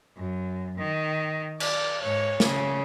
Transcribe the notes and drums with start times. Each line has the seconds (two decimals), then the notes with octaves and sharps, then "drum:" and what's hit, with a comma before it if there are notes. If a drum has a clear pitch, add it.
0.17 F#2
0.77 D#3
1.60 D5, drum: cymbal
2.02 G#2 C#5
2.40 C#3, drum: snare